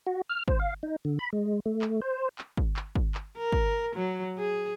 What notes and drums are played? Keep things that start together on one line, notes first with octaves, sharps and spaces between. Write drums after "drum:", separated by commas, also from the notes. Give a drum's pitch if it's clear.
F#4
F6
C5, drum: kick
F5
D#4
D3
B5
G#3
A3
drum: clap
C5
drum: clap
drum: kick
drum: clap
drum: kick
drum: clap
A#4
drum: kick
F#3
G#4